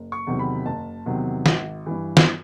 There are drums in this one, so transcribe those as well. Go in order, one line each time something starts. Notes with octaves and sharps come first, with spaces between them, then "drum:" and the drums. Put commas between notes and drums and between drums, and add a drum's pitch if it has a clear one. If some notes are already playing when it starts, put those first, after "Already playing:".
Already playing: F#1
C#6
E2 C3 D#3 F#3
B5
F#1 A5
E2 C3 D#3 F#3
G#1, drum: snare
G2 E3
drum: snare